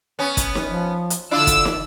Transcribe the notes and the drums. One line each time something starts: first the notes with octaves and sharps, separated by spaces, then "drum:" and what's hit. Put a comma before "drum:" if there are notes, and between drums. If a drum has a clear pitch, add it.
B3 C#4
drum: kick, hi-hat
drum: snare
F3
drum: hi-hat
D3 D4 E4 F4 E6
drum: kick, hi-hat
drum: snare